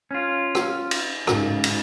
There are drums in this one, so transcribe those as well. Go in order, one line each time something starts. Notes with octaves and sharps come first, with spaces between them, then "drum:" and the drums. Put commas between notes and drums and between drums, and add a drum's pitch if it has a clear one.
C#4 F4
drum: rim click
drum: cymbal
G#2 C#3, drum: rim click
drum: cymbal